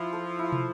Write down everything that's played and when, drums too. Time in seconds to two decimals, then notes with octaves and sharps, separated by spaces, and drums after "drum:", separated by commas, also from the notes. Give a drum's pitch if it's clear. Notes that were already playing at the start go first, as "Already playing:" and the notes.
Already playing: F3 E4 F4
0.13 A4
0.39 E4
0.52 drum: tom